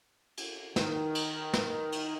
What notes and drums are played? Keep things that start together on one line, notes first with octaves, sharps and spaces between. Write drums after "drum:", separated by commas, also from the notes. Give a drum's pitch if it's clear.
drum: cymbal
D#3, drum: snare
drum: cymbal
drum: snare
drum: cymbal